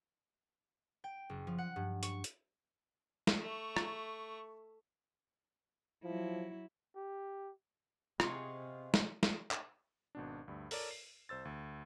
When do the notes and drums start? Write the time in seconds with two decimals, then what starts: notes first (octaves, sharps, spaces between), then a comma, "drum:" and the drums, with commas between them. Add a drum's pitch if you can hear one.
1.04 G5
1.30 F#1
1.47 F3
1.58 F#5
1.76 G2
2.03 C#6, drum: hi-hat
2.24 drum: hi-hat
3.27 drum: snare
3.40 A3 C#6
3.76 drum: rim click
6.04 F3 F#3 E4
6.96 G4
8.20 C3 B3 C4 F4 G#4 D#5 C#6, drum: rim click
8.94 drum: snare
9.23 drum: snare
9.51 drum: clap
10.15 G#1 B2 D4
10.48 D2 G2
10.71 A4 A#4 C#5 D5, drum: open hi-hat
10.91 C7
11.29 C2 C5 E6 A6
11.45 D2